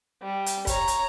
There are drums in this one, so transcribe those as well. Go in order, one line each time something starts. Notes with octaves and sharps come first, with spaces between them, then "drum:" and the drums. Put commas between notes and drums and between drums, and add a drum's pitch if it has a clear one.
G3
drum: hi-hat
C#5 A#5, drum: kick, hi-hat
drum: hi-hat